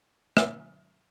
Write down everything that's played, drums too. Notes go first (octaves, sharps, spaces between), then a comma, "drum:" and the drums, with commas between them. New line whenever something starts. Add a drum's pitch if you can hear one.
E5, drum: rim click